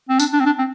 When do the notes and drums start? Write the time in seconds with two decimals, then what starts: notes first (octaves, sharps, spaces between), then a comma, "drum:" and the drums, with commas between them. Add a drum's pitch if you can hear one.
0.09 C4
0.20 D4, drum: tambourine
0.33 D4
0.40 C4
0.46 D4
0.58 C4